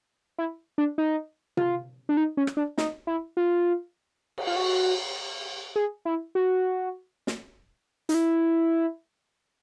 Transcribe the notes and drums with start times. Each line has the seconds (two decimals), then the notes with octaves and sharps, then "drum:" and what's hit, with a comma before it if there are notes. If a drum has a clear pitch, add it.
0.38 E4
0.78 D4
0.98 D#4
1.57 F4, drum: tom C3
2.09 D4
2.17 D#4
2.37 C#4
2.47 drum: rim click
2.57 D4
2.78 D#4, drum: snare
3.07 E4
3.37 F4
4.38 drum: cymbal
4.47 F4
4.56 F#4
5.76 G#4
6.05 E4
6.35 F#4
7.27 drum: snare
8.09 D#4, drum: hi-hat
8.14 E4